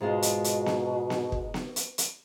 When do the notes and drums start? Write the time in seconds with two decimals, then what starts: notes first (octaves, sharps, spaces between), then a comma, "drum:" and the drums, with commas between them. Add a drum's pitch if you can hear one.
0.01 G#2 B2 G#3 F4
0.22 drum: hi-hat
0.44 drum: hi-hat
0.66 drum: snare B3
1.10 drum: snare B3
1.32 drum: kick
1.54 drum: snare B3
1.76 drum: hi-hat
1.98 drum: hi-hat